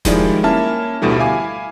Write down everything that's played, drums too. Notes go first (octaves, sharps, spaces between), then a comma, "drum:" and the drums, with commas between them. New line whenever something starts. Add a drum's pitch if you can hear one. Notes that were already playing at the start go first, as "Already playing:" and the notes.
D#3 F3 G3 G#3 E4 D5, drum: snare E1
A#3 C#4 E4 E5 A5 F6
A1 D2 B2 G3 A3 E4
E4 E5 F5 G#5 D6